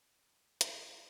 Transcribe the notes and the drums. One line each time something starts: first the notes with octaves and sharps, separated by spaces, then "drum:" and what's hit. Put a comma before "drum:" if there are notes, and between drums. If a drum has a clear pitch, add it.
A4 B4 C#5 D#5 A5 B5 G#6
drum: hi-hat